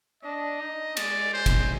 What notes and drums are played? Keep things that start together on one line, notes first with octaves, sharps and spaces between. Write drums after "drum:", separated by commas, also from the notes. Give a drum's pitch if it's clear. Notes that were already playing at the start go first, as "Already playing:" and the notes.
D4 D#5
D#4
G#3 D5, drum: cymbal
G#3 C5
drum: kick, cymbal